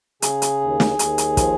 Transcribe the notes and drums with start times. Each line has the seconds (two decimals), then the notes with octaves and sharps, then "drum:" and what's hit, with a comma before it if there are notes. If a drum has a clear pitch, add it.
0.22 C#3 G#4, drum: hi-hat
0.42 drum: hi-hat
0.61 D#2
0.80 drum: snare
0.99 D#2, drum: hi-hat
1.18 drum: hi-hat
1.37 F3, drum: kick, hi-hat